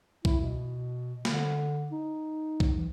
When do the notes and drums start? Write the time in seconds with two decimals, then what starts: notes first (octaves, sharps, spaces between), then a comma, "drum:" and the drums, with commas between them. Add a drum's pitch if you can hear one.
0.25 E4, drum: kick
0.40 B2
1.25 D3, drum: snare
1.92 D#4
2.60 drum: kick
2.77 E3